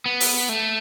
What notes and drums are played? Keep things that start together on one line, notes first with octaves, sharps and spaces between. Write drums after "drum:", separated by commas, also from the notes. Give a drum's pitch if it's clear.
B3
drum: open hi-hat
A3